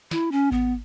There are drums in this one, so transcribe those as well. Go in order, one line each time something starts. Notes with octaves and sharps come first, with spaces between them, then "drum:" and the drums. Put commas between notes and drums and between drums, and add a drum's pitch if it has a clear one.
E4, drum: snare
C#4
B3, drum: kick G#1